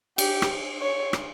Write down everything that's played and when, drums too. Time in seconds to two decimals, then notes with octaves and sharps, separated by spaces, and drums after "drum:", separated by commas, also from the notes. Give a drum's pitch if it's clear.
0.18 G4, drum: cymbal
0.42 drum: rim click
0.81 C#5
1.13 drum: rim click